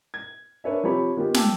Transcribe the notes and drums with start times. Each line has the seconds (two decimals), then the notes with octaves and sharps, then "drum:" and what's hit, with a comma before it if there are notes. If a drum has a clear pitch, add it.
0.14 G#6
0.64 D4 A#4 B4 C#5 E5
0.83 C3 F3 G4 C#5 B5
1.17 D#3 B3 F4 G4
1.34 G5 A5 D6 E6, drum: snare